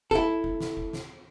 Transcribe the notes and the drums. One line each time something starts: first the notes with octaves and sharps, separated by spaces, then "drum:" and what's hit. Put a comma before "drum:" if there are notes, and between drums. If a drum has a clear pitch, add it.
E4 A4, drum: kick
drum: kick
drum: snare
drum: kick
drum: snare